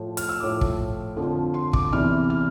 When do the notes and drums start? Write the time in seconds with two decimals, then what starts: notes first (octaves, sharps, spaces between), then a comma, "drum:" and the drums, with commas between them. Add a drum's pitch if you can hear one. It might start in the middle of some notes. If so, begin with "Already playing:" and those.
Already playing: A2 F3
0.17 F6, drum: hi-hat
0.29 E6
0.40 A2 F3 D6
0.61 drum: kick
1.16 F2 D3 F3
1.54 C6
1.73 D6, drum: kick
1.93 E2 C3 E3 F6
2.30 F6